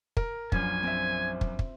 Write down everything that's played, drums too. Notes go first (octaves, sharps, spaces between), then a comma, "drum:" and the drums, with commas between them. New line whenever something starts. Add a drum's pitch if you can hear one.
A#4, drum: kick
A#1 F#2 C#4 F4 G#5, drum: kick
C4 E5
drum: kick
drum: kick